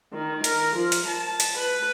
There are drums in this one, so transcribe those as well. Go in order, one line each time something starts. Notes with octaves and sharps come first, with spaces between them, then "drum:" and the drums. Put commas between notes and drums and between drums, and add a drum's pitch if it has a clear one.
D#3
A#4, drum: hi-hat
F3
drum: hi-hat
A5
drum: hi-hat
B4